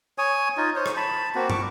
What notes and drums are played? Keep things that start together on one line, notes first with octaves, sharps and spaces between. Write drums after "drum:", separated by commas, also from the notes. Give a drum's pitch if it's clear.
C#5 G#5 D#6
D#4 F4
C5 C#5
drum: rim click
A5 B5
A#3 C4 F#4
C#6 D6, drum: tom